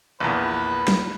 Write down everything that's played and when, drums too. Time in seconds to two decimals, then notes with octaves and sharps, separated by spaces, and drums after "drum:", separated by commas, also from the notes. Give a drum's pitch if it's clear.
0.20 A#1 E2 B4
0.88 drum: snare